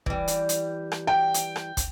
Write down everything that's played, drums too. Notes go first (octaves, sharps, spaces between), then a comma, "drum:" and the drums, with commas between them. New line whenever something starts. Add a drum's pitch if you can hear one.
E3 G3, drum: kick
drum: hi-hat
drum: hi-hat
drum: rim click
G5
drum: hi-hat
drum: rim click
drum: kick, hi-hat